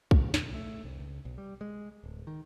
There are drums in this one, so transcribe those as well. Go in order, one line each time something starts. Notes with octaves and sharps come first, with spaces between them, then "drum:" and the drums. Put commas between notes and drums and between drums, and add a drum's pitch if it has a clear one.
A2, drum: kick B1
B1, drum: snare
A3
C2
C#2
B1
G3
G#3
D1
D#3